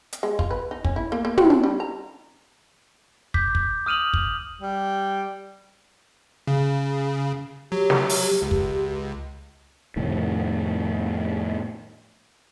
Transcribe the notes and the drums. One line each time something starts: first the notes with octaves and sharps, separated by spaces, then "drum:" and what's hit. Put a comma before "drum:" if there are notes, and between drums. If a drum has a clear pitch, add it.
drum: hi-hat
G#3
F4, drum: kick
B4
D#4
C#4, drum: kick
E4
A#3
A#3
C4, drum: tom
D4
G3
A#5
D6 G6 B6, drum: kick
drum: kick
D#6 F6 D#7 F7 F#7
drum: kick
G3
C#3
F#3 G4
drum: snare
drum: open hi-hat
C#2
drum: kick
F2 A2 C3 D#3